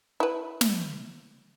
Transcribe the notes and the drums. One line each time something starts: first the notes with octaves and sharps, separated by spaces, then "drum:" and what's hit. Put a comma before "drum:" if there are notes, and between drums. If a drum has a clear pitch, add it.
E4 B4
drum: snare